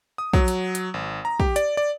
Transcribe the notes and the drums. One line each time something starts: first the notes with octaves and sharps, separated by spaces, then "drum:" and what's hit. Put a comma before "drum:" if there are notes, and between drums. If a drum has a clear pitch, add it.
D#6
F#3, drum: kick
drum: hi-hat
drum: hi-hat
G#1
A#5
G4, drum: kick
D5, drum: hi-hat
D5